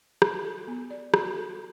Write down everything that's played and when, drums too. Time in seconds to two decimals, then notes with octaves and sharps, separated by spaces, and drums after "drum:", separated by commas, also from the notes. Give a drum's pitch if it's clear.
0.22 F#4, drum: rim click
0.45 A4
0.68 B3
0.90 D5
1.14 F#4, drum: rim click
1.36 A4